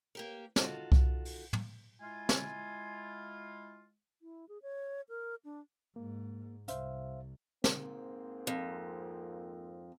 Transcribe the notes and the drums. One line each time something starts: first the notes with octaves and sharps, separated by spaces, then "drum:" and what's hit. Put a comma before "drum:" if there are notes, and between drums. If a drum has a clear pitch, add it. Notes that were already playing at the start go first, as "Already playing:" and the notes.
A#3 G4 A#4
D#3 F4 F#4 A4, drum: snare
drum: kick C2
drum: open hi-hat
drum: tom
G#3 E4 F4 G#5
drum: snare
E4
G#4
C#5
A#4
D4
G#2 A#3
C2 C5 E5 F5, drum: hi-hat
G#2 A#3 C4, drum: snare
F2